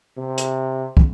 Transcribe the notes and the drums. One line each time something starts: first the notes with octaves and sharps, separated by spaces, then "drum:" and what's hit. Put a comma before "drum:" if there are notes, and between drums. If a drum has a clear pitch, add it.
C3
drum: hi-hat
drum: kick